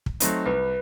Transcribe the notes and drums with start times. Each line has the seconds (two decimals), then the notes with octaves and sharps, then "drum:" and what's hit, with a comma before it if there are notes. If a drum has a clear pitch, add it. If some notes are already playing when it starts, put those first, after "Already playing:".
0.06 drum: kick
0.20 F#3 A3 C4 D#4, drum: hi-hat
0.46 C2 B4